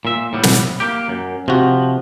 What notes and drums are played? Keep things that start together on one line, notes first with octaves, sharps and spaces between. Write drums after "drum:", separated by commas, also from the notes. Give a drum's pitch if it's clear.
A#2 E5
A2 G3 B3
drum: snare
A#3 G4
F#2
C3 F3 F#4